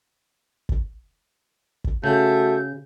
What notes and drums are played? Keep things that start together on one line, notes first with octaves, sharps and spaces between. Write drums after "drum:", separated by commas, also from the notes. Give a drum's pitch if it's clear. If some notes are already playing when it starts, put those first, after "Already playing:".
drum: kick
drum: kick
C#3 A3 F#4 G6